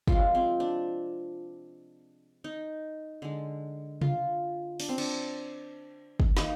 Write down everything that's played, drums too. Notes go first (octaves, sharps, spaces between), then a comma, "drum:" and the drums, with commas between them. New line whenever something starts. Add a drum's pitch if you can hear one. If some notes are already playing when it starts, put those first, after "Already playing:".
C3 F3 G#3 F4, drum: kick
C4
D4
D#4
D3 G#3
F4, drum: tom C3
D4, drum: open hi-hat
C4
D4, drum: cymbal
drum: kick
D#3 A#3 D#4, drum: snare